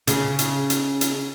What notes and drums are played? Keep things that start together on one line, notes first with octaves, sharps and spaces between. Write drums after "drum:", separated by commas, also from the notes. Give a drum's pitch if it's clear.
C#3, drum: hi-hat
drum: hi-hat
drum: hi-hat
drum: hi-hat